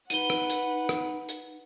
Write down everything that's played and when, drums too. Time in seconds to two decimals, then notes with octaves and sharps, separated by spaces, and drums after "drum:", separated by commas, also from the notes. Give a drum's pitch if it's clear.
0.10 D#4 B4 F#5 D#7 G7, drum: hi-hat
0.30 drum: rim click
0.50 drum: hi-hat
0.89 drum: rim click
1.29 drum: hi-hat